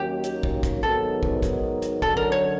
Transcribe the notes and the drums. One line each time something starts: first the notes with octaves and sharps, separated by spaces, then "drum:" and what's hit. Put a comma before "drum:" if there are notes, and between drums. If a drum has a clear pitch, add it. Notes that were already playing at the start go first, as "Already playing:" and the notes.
Already playing: D#2 D#3 F#3 A#3 C#4 G4
drum: hi-hat
drum: kick
drum: kick, hi-hat
G#2 D#3 F#3 B3 A4
drum: kick
drum: kick, hi-hat
drum: hi-hat
F#2 D3 F#3 A4, drum: kick
A#4
C#5